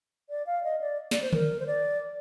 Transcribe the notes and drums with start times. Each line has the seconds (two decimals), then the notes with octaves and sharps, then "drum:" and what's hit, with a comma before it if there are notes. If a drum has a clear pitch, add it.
0.30 D5
0.46 F5
0.64 D#5
0.81 D5
1.11 D5, drum: snare
1.22 C5
1.33 A#4, drum: tom
1.60 C5
1.67 D5